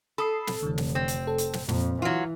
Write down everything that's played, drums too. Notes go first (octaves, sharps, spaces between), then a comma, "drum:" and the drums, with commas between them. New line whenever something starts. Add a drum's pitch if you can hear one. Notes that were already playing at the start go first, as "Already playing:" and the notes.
A4 B5 D#6 C7
drum: snare
F1 D3 E3
drum: snare
C4
drum: hi-hat
A4
drum: hi-hat
drum: snare
F2 A#2, drum: snare
E3 F#3 F4